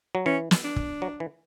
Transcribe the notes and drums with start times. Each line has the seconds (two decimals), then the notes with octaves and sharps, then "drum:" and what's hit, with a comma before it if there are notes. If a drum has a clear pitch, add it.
0.15 F#3
0.26 E3 C#4
0.51 drum: snare
0.64 D4
0.76 drum: kick
1.02 F#3
1.20 E3